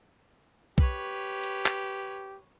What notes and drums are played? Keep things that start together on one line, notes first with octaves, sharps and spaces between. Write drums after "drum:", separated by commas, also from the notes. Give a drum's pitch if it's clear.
G4 B4 C#5, drum: kick B1
drum: hi-hat
drum: clap